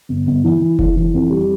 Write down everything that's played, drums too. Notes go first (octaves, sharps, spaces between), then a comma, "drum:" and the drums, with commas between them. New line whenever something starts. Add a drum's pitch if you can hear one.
G1
G1
E3
E3
E3, drum: kick F1
E3
F2
G3